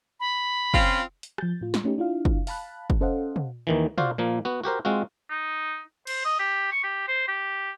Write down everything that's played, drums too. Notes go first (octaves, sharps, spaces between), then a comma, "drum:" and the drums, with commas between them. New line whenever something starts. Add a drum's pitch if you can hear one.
B5
C4 C#4 F4, drum: kick
drum: hi-hat
F3 G6 A6, drum: rim click
A2 F4
drum: snare
A3 C#4 D#4 G4
D4 E4 F4 F5
drum: kick
F5 A5 B5 F#6, drum: open hi-hat
drum: kick
C#4 A4 C5 D#5 F5 F#5
drum: tom
D#2 D#3 E3
F4 F#4 C5 D5 F5, drum: tom
A#2 F3 A#3
B3 F#4
F#4 G4 A#4 C5
G#3 C4 F4 F#4
D#4
C5, drum: cymbal
D#5
G4
C#6
G4
C5
G4